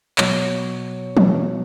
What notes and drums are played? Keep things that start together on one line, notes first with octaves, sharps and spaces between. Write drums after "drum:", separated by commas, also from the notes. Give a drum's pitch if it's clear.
B2 F#3 C#5, drum: clap
B2 F#3, drum: tom